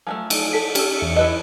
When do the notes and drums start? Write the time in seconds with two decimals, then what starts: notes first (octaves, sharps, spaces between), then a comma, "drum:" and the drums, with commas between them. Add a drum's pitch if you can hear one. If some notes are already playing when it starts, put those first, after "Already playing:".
0.07 F3 F#3 A3 G#5
0.30 drum: cymbal
0.53 A4 B6
0.75 C#4 G4 E6, drum: cymbal
0.99 E2 E5 C#7
1.16 E4 B4 D#5